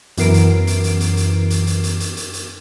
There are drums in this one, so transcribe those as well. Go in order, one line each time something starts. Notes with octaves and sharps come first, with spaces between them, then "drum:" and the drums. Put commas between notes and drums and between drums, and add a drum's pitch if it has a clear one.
F#2 E3 B3 A#4 C7 D7, drum: hi-hat
drum: hi-hat
drum: hi-hat
drum: hi-hat
drum: hi-hat
drum: hi-hat
drum: hi-hat
drum: hi-hat
drum: hi-hat
drum: hi-hat
drum: hi-hat
drum: hi-hat